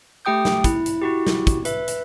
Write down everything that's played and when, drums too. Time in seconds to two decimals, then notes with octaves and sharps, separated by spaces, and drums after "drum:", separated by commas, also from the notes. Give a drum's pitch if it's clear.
0.25 A3 G4 G5 D#6 G6
0.45 drum: snare
0.64 E4, drum: kick, hi-hat
0.86 drum: hi-hat
1.02 E4 F#4 G4
1.27 drum: snare
1.47 drum: kick, hi-hat
1.65 B4 E5, drum: hi-hat
1.88 drum: hi-hat